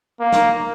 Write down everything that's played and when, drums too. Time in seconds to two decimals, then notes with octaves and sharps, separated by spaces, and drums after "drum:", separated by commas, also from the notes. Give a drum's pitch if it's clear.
0.20 A#3
0.32 drum: snare